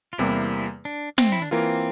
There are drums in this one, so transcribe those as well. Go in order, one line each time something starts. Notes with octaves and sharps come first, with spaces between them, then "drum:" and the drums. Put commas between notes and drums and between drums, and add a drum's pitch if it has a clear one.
F4
E2 C3 G3 A#3 E4
D4
C4, drum: snare
E4
D4
E3 A#3 C4 F4 A#4